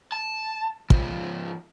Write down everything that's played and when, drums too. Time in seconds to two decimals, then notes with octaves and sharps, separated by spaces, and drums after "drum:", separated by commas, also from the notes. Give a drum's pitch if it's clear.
0.12 A5
0.90 G#2 F3, drum: kick